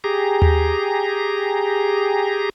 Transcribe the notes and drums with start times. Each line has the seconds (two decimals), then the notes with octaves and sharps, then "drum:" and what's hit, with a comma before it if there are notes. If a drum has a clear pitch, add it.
0.04 G4 G#4 A#5
0.42 drum: tom D#2